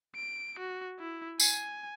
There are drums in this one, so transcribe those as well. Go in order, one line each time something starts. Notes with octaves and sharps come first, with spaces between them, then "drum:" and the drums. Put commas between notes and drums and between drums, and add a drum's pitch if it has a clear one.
D7
F#4
E4
G#5, drum: tambourine